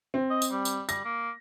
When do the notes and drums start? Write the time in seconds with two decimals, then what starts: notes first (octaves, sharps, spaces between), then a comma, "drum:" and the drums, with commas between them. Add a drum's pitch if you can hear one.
0.14 C4
0.30 D#5
0.42 drum: tambourine
0.51 G3
0.65 drum: tambourine
0.89 G3 A#6, drum: tambourine
1.05 A#3